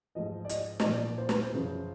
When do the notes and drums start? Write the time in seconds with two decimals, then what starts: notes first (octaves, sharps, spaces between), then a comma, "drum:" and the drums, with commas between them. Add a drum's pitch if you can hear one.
0.15 G#2 F3 D#5
0.45 D5
0.49 D#5, drum: hi-hat
0.80 D#5, drum: snare
0.84 A#2 F3 D5
1.18 C5
1.29 B4, drum: snare
1.40 C5
1.52 F#2 C#3 F3